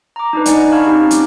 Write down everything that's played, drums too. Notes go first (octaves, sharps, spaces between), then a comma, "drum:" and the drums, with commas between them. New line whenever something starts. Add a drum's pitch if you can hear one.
A#5 D6
D4 D#4 B4
D#4 D5 D#5 F#5 G#5, drum: hi-hat
F5 A5 B5 C#6 F6 G#6
C4 C#4 D#4 G4
D6, drum: hi-hat